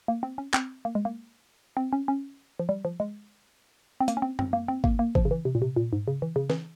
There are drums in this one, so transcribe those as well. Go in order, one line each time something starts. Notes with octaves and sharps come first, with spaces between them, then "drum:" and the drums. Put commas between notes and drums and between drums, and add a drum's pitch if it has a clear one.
A#3
C4
C#4
C4, drum: clap
A#3
G#3
A#3
C4
C#4
C#4
F3
G3
F3
G#3
C4
A#3, drum: hi-hat
C#4
C4
C4, drum: tom F#2
A#3
C4
A#3, drum: kick G#1
A#3
F3, drum: kick G#1
C#3
E3
C3
A#2
C3
A#2
G#2
C#3
E3
C#3
E3, drum: snare